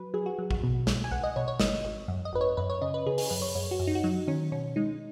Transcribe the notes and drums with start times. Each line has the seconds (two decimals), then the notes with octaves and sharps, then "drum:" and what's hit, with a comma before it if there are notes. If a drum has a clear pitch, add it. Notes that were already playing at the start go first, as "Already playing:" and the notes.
Already playing: F#3 B4
0.14 F#3 G#4
0.26 F#4
0.39 F#3
0.51 F#4, drum: kick A#1
0.63 B2
0.87 B1, drum: snare
1.04 G#5
1.11 B1 F#5
1.24 D#5
1.36 B2 C#5
1.48 C#5
1.60 G#1 D#5, drum: snare
1.84 G#1
2.08 F#2
2.25 D#5
2.33 G#1 B4
2.41 C#5
2.57 F#2 B4
2.70 C#5
2.81 C#3 D#5
2.94 B4
3.06 C#3 G#4
3.18 G#4, drum: open hi-hat
3.30 F#2 B4
3.42 C#5
3.55 F#2 C#5
3.71 F#4
3.80 F#2
3.87 D#4
3.95 F#4
4.04 F#3 D#4
4.27 D#3 C#4
4.52 B2 C#4
4.76 G#3 D#4